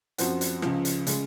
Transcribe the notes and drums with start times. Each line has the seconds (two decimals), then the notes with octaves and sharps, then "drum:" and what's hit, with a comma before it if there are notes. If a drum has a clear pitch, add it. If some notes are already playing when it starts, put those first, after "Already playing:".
0.18 F#2 F3 C4 F#4, drum: hi-hat
0.41 drum: hi-hat
0.62 C#2 C#3 F3, drum: rim click
0.85 drum: hi-hat
1.07 C#3 G#3, drum: hi-hat